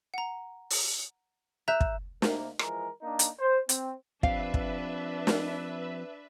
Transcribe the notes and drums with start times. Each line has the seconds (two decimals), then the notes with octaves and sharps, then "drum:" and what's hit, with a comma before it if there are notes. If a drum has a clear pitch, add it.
0.14 F#5 A#5
0.70 drum: open hi-hat
1.68 E5 A#5 F#6 G6
1.81 drum: kick
2.22 C3 A#3, drum: snare
2.59 E3 F3 G#3 A#4, drum: rim click
3.02 A#3 D4 D#4
3.19 drum: hi-hat
3.39 C5
3.69 C4, drum: hi-hat
4.23 F3 C4 D4 G4 B4 E5 F5, drum: kick
4.54 drum: kick
5.27 drum: snare